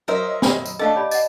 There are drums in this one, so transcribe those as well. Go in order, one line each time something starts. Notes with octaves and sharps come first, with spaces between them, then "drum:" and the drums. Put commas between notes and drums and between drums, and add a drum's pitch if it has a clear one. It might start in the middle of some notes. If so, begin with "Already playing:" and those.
F#3 A#4 C5 D#5 E5
B5, drum: snare
drum: tambourine
A3 D4 A4 D#5 F5 A5 D6
G4 C#5 D5 B5
D#5 F#5, drum: tambourine